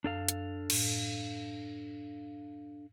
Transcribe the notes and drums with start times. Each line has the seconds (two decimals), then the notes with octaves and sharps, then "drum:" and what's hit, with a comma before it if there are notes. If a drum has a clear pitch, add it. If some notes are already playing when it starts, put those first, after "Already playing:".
0.04 F#2 D4 A4 F5
0.29 drum: hi-hat
0.70 A2, drum: cymbal